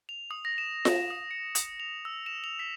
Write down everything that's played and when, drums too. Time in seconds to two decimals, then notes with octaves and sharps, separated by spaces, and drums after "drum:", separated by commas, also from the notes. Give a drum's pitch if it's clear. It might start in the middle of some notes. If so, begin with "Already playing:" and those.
0.09 F7
0.31 D#6
0.45 A#6
0.58 E7
0.85 drum: snare F4
1.10 D#6
1.31 C#7
1.55 D#6, drum: hi-hat
1.80 F7
2.05 E6
2.26 E7
2.44 F7
2.59 B6